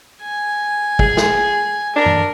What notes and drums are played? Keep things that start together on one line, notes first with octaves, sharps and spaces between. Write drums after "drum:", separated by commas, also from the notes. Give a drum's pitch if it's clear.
G#5
G#4, drum: kick
drum: snare
D4 A#4
drum: tom F#2